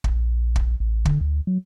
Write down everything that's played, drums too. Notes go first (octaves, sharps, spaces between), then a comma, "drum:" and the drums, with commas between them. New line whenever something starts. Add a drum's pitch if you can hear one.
A#1, drum: kick
drum: kick
A1
D3, drum: kick
D2
F#3